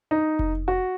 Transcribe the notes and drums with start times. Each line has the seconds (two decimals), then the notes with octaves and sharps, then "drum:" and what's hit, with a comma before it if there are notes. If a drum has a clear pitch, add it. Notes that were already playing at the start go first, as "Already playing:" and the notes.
0.11 D#4
0.39 drum: kick F1
0.68 F#4